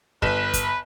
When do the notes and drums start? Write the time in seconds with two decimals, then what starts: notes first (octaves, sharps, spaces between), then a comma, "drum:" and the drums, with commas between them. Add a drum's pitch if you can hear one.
0.22 G1 B4 E7, drum: kick
0.54 drum: kick, hi-hat